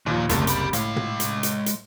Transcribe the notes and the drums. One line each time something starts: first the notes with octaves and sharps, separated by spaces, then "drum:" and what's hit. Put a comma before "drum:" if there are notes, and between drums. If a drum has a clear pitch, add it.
D#2 A#2 F3
F#1 C2 D3 A3, drum: hi-hat
G4 B5, drum: hi-hat
A2 G#3 F5, drum: hi-hat
drum: tom
drum: hi-hat
drum: hi-hat
drum: hi-hat